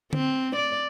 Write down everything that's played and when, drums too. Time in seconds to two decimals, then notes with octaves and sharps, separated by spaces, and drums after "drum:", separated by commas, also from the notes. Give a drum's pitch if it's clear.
0.13 C4, drum: tom D3
0.56 D5